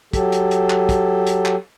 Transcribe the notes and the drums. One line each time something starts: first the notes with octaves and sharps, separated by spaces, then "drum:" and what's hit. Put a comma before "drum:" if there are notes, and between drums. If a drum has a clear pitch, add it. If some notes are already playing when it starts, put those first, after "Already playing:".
F#3 G4 A4, drum: kick, hi-hat
drum: hi-hat
drum: hi-hat
drum: clap
drum: kick, hi-hat
drum: hi-hat
drum: clap